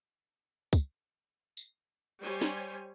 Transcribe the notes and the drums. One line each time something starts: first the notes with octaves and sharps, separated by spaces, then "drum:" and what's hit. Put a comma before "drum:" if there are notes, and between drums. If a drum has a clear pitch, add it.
drum: kick, tambourine
drum: tambourine
G3 C5 C#5 G#5
drum: snare